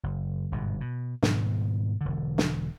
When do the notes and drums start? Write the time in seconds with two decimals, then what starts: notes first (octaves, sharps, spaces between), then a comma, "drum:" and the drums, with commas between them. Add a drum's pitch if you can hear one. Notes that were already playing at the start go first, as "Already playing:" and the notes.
0.03 F#1
0.52 G1 G#2 B2
0.81 B2
1.23 G#2 B2 D#3 G3, drum: snare
2.01 E1 D3
2.38 drum: snare